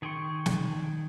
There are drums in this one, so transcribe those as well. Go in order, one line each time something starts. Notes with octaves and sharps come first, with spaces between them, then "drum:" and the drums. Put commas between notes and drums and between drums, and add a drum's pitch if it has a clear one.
D#3 G#4 G5 C6 C#6
drum: snare